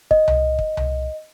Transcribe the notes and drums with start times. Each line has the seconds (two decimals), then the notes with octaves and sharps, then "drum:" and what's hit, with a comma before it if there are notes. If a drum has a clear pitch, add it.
0.11 D#5, drum: kick
0.28 drum: tom C2
0.59 drum: kick
0.77 drum: tom C2